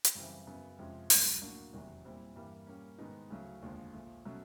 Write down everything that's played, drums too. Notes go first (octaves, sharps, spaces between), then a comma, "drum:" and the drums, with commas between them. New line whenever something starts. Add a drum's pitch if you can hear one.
drum: hi-hat
F#2 C#3 E3 G3 C4
F#2 C#3 F#3 B3
F2 C3 F3 G#3 C#4
C#2 B2 F#3, drum: open hi-hat
A2 F#3 A#3 D4 F#4
F1 E2 C3 D#3 F#3
A#2 G3 C4 E4
G2 E3 G3 A#3
A#2 G3 A#3 C#4
G#2 D#3 G#3 B3 D#4
D2 C#3 F#3 A3 C#4
F1 D#2 D3 F3 G#3
A#1 A#2 F3 A3
B2 F#3 A3 C#4